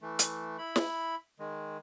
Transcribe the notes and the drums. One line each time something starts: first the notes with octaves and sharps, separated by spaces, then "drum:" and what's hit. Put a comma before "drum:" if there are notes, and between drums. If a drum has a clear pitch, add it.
E3 A3
drum: hi-hat
E4 B5
drum: snare
D#3 G#3